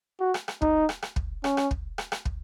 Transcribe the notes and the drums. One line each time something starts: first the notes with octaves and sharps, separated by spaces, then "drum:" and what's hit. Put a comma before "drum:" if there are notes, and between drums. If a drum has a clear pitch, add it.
F#4
drum: rim click
drum: rim click
D#4, drum: kick
drum: rim click
drum: rim click
drum: kick
C#4, drum: rim click
drum: rim click
drum: kick
drum: rim click
drum: rim click
drum: kick